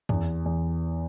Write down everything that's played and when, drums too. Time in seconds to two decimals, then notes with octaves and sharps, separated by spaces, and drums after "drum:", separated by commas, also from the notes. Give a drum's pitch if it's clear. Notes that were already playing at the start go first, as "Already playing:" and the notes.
0.09 E2, drum: tom F2
0.46 E2